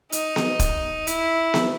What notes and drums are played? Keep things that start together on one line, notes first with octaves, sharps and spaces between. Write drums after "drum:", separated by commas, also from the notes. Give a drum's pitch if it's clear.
D#4, drum: hi-hat
drum: snare B3
drum: kick, hi-hat
E4, drum: hi-hat
drum: snare B3